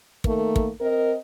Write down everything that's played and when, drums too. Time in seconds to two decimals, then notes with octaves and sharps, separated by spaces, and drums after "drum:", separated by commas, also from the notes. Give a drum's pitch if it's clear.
0.24 D#3 A3 A#3 A#4, drum: kick
0.56 drum: kick
0.81 C4 A#4 D#5